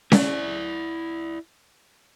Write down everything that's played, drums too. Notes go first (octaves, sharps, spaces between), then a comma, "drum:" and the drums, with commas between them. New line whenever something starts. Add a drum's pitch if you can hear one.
E4 D5, drum: snare C#4